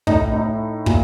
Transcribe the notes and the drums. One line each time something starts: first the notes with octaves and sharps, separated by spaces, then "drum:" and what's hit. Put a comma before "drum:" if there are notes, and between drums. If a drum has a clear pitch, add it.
A2 D#4, drum: kick
D#4
A#2, drum: kick